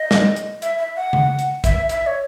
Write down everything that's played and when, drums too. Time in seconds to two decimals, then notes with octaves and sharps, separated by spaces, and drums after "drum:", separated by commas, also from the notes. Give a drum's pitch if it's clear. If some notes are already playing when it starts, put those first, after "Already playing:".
Already playing: D#5
0.11 drum: snare
0.36 drum: hi-hat
0.62 E5, drum: hi-hat
0.78 E5
0.96 F#5
1.13 drum: tom C#3
1.39 drum: hi-hat
1.64 E5, drum: kick, hi-hat
1.89 E5, drum: hi-hat
2.06 C#5